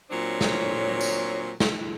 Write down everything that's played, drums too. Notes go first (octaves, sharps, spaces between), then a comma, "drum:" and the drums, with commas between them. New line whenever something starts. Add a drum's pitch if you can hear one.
A#2 F#3 C4 D4 C#5
drum: snare
drum: tambourine
drum: snare